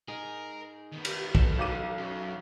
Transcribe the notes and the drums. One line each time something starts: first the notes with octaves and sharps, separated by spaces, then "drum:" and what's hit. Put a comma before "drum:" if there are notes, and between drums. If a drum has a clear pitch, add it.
D#4 G#4 A#4
D#3 B3
drum: cymbal
F#3 D#4 A4, drum: kick
B1 D6 D#7
F#2